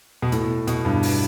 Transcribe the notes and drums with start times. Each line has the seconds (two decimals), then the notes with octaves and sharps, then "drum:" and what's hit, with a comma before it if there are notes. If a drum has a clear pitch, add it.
0.22 B2
0.32 A2, drum: hi-hat
0.67 B2, drum: hi-hat
0.85 G2
1.03 drum: open hi-hat